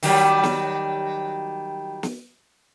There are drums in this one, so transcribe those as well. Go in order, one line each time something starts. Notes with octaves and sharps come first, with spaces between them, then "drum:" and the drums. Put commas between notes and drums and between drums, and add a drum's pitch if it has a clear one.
D#3 F#3 G3, drum: open hi-hat
drum: snare
drum: snare